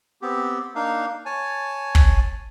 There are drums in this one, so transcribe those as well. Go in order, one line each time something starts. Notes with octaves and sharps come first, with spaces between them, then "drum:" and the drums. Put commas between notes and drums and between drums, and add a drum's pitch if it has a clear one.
B3 C4 G4
A#3 D4 D#4 F5
C#5 G#5 A5
drum: kick